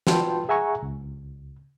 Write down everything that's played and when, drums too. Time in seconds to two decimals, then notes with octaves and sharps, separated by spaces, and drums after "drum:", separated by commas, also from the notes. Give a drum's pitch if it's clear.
0.07 F4 F#4 B4 G5 A5 C6, drum: snare
0.49 G#4 E5 F#5 G#5 A#5 C#6
0.82 C#2